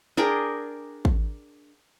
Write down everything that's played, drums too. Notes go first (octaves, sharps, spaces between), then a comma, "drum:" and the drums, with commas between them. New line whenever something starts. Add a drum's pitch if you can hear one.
D4 G#4 A#4 G5
drum: kick